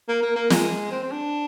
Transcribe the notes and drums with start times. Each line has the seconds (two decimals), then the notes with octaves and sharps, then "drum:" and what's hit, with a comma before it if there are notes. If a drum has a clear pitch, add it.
0.09 A#3
0.22 A#3
0.36 A#3
0.50 G#3, drum: snare
0.91 C4
1.03 C4
1.12 D4